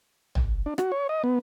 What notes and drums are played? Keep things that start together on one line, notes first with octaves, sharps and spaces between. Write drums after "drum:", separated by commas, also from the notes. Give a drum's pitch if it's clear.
drum: tom
D4
F#4, drum: rim click
C#5
D#5
B3